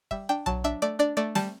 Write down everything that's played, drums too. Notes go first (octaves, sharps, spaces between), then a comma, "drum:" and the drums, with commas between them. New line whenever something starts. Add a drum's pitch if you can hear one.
G3 E5, drum: kick
D4 G5
F#3 A5, drum: tom B1
D4 E5
A3 D5
D4 D5
A3 D5
G3 A5, drum: snare